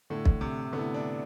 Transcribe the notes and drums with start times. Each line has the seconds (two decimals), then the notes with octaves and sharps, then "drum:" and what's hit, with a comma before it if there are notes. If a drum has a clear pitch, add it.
0.10 A2 D3 A3 E4
0.25 drum: kick
0.41 C3
0.73 D3 A3 B3 E4
0.94 D4